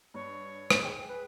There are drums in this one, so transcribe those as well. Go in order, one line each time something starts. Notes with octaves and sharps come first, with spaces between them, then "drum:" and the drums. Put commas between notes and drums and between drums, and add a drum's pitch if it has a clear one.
G2 C#5
G#1 G2 B2, drum: rim click
G#4 G5
B4